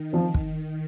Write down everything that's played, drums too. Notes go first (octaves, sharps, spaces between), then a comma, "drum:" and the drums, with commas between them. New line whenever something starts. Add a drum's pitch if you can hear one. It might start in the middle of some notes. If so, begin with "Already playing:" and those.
Already playing: D#3
F3 C4
drum: kick